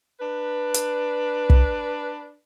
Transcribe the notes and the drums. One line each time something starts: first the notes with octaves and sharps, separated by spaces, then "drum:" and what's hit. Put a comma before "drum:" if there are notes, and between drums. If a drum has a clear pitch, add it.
D4 B4
drum: hi-hat
drum: kick